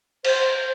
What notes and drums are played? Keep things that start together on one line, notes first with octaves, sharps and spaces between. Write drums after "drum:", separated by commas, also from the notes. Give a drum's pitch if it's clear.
C5, drum: cymbal